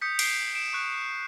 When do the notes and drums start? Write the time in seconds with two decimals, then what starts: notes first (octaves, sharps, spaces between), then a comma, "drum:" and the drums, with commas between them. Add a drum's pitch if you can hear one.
0.01 D#6 G6 B6 C#7
0.19 C7 D7, drum: cymbal
0.55 D7 E7
0.73 C#6 F#6